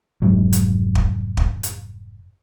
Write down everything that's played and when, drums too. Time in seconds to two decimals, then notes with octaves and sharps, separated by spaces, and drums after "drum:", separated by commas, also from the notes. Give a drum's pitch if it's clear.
0.22 F1 G#2 F#3
0.53 drum: hi-hat
0.95 drum: kick
1.37 drum: kick
1.63 drum: hi-hat